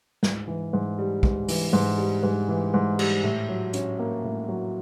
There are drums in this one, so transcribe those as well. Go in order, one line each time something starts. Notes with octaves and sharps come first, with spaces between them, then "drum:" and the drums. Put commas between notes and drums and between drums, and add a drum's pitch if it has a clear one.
G#2, drum: snare
E3
G#2
G3
G#2, drum: kick
E3, drum: open hi-hat
G#2
G3
G#2
E3
G#2
G3, drum: cymbal
A2
F#3
C#4, drum: hi-hat
A#3
A2
F#3